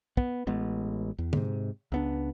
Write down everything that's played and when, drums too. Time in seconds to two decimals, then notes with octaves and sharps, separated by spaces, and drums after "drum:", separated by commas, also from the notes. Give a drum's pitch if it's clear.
0.17 B3, drum: kick
0.47 A1 G#3 B3
1.18 E2
1.33 G#2 C3, drum: tom
1.92 C#2 B3 D4